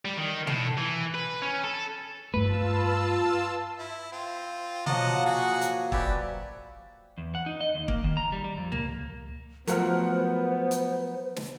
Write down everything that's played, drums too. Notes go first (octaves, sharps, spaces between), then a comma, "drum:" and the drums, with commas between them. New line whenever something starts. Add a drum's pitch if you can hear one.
G3
D#3
A2, drum: tom B2
E3
B4
C#4
A4
G2 A3 F4 B4 A5 E6
E4
C4 F4
F3 F#3 A#3 D#5 F#5 A5, drum: tom B2
F#4 G#4 F#5
drum: hi-hat
G4 B4 D5 E5 G#5, drum: kick
E2
F#5
D#4
D#5
D#2
A#3, drum: kick
D#3
A#5
G3
G3
F2
A#3, drum: tom C#2
F3 F#3 A3 B3 A#4 C5 F#5 F6, drum: hi-hat
drum: hi-hat
drum: snare